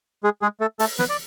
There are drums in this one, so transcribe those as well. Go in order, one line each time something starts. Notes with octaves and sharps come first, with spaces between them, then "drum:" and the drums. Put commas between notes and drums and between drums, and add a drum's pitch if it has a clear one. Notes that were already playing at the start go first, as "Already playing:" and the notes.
G#3 G#4
G#3 G#4
A3 A4
A3 A4, drum: open hi-hat
B3 B4, drum: snare
D5